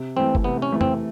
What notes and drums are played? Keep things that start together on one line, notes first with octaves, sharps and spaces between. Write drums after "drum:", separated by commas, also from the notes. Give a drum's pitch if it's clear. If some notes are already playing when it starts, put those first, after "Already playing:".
Already playing: C3
E3 A3 C4
drum: kick G1
C3 B3
C#4
E3 A3
C4, drum: tom F2